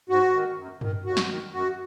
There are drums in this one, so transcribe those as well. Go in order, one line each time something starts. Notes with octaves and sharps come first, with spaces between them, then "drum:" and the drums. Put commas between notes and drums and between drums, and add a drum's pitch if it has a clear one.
G#2 F#4
D#3
F#2
D#3, drum: tom G2
D#2 F#4
drum: snare
D#3
F#2 F#4